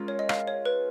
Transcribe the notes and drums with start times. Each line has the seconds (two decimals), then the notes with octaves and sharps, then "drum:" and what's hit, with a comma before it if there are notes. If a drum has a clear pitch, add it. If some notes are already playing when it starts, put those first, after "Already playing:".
Already playing: G#3 C#4 F4 A#4
0.08 C#5
0.19 D#5
0.29 F5, drum: rim click
0.47 C#5
0.66 B4